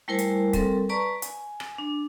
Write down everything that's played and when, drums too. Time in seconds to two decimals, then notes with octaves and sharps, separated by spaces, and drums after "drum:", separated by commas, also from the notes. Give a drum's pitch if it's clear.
0.08 G3 A3 E4 A#4 C5 G#5
0.19 drum: hi-hat
0.53 G3 C4 A4 A#4, drum: kick, hi-hat
0.89 B4 D5 A5 A#5 C#6
1.22 G#5, drum: hi-hat
1.60 drum: rim click
1.78 D4